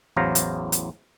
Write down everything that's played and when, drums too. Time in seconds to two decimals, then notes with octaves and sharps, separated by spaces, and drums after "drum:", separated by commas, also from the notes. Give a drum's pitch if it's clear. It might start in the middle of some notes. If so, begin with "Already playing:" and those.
0.16 A1 E2 F#3 C5 F5 A#5
0.35 drum: hi-hat
0.72 drum: hi-hat